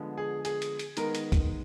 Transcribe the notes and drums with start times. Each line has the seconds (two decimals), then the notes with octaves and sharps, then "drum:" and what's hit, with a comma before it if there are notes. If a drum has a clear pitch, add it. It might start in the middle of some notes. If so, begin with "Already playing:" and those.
Already playing: D3 F3 G#3 B3
0.18 G#4
0.45 G#4, drum: hi-hat
0.62 drum: hi-hat
0.79 drum: hi-hat
0.97 D#3 G#3 B3 A#4, drum: hi-hat
1.15 drum: hi-hat
1.32 drum: kick B1, hi-hat